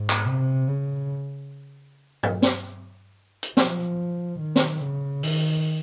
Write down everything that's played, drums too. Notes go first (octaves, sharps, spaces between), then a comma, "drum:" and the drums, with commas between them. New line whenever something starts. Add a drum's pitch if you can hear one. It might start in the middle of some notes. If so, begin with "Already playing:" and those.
Already playing: G#2
drum: clap
C3
C#3
drum: tom
drum: snare
drum: hi-hat
F3, drum: snare
D#3
drum: snare
C#3
D#3, drum: open hi-hat